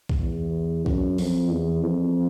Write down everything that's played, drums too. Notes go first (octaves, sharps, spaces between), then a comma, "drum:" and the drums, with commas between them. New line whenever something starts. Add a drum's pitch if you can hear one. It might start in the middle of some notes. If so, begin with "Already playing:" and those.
drum: kick B1
E2
F#2, drum: kick B1
F2, drum: open hi-hat
E2
F2